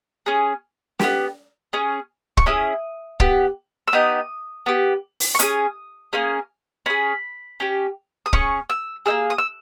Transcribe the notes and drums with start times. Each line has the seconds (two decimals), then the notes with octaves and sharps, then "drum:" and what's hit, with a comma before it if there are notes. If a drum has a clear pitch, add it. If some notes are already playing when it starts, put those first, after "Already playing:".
0.26 C#4 G#4
0.99 B3 G4, drum: snare
1.73 C#4 G#4
2.37 C#6, drum: kick
2.46 C#4 E4 G#4 D#6
3.20 B3 G4, drum: kick
3.88 E6
3.93 B3 D#4 G4 D#6
4.66 B3 G4
5.20 drum: open hi-hat
5.35 C#6
5.39 C#4 G#4 D#6, drum: hi-hat
6.13 A#3 C#4 G#4
6.86 C#4 G#4 B5
7.60 C#4 G4
8.26 D#6
8.33 C#4 G#4 C#6, drum: kick
8.70 E6
9.06 A#3 D#4 G#4 E6
9.30 D#6
9.38 E6